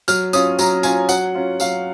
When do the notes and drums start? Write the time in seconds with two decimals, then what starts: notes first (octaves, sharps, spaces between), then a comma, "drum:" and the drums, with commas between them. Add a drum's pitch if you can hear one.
0.08 F#3 F6, drum: tambourine
0.33 C#4 F4 D#6, drum: tambourine
0.59 F#3 A#5, drum: tambourine
0.83 C#4 F4 G#5, drum: tambourine
1.09 F#3 F#5, drum: tambourine
1.35 C#4 F4
1.60 F#3 F5, drum: tambourine